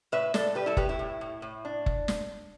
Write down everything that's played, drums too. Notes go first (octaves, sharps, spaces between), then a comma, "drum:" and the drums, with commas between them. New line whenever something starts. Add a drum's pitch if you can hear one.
A2 B4 E5
A2 A4 D5, drum: snare
G3 G4 B4
E4 A4
A2 G4 B4, drum: kick F#1
E4
A2
A2
A2
D4
drum: kick F#1
drum: snare